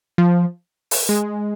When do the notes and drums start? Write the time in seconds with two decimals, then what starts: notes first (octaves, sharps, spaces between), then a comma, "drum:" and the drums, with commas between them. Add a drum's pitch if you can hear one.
0.18 F3
0.91 drum: open hi-hat
1.09 G#3